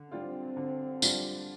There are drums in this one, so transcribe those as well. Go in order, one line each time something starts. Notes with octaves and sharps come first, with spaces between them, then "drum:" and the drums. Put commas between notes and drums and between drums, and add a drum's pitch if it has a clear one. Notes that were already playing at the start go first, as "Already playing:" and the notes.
Already playing: D3
G3 C4 D4 F4
D3
G3 D4 F4, drum: tambourine